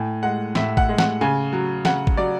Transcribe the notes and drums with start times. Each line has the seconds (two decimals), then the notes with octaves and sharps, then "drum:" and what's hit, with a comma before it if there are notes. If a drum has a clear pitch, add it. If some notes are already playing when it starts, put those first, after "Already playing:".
Already playing: A2 G#5
0.23 G#3 F#5
0.55 A2 E5, drum: snare
0.77 F#5, drum: kick
0.89 G#3
0.98 F#5, drum: snare
1.21 C#3 G#5
1.53 F#3
1.85 C#3 F#5, drum: snare
2.07 drum: kick
2.17 F#3 D5